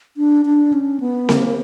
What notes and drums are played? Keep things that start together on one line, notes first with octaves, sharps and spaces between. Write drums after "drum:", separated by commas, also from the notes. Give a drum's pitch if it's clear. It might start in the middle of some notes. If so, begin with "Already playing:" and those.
D4
D4
C#4
B3
A#3, drum: snare C4